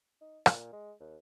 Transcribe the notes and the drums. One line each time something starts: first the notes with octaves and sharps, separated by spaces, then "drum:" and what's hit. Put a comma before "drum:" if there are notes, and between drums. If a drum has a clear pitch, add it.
D#4
A#2, drum: rim click
G#3
D#2